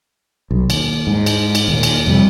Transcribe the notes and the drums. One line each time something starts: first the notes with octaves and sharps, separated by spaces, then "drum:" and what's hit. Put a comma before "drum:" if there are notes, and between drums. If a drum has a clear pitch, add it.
B1
D#2, drum: cymbal
G#2
drum: cymbal
drum: cymbal
D#2 A#2
drum: cymbal
F2 C3 G3